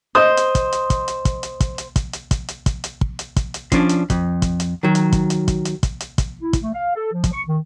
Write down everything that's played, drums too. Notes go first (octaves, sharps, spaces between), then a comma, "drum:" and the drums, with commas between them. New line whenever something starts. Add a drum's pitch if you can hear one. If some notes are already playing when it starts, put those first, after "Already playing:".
C5 D#5 D#6
drum: hi-hat
drum: kick, hi-hat
drum: hi-hat
drum: kick, hi-hat
drum: hi-hat
drum: kick, hi-hat
drum: hi-hat
drum: kick, hi-hat
drum: hi-hat
drum: kick, hi-hat
drum: hi-hat
drum: kick, hi-hat
drum: hi-hat
drum: kick, hi-hat
drum: hi-hat
drum: kick
drum: hi-hat
drum: kick, hi-hat
drum: hi-hat
F3 C#4 D4, drum: kick, hi-hat
drum: hi-hat
F2, drum: kick, hi-hat
drum: kick, hi-hat
drum: hi-hat
D#3 F#3
drum: hi-hat
drum: kick, hi-hat
drum: hi-hat
drum: kick, hi-hat
drum: hi-hat
drum: kick, hi-hat
drum: hi-hat
drum: kick, hi-hat
E4
drum: kick, hi-hat
A3
F5
A4
F3
drum: kick, hi-hat
C#6
D#3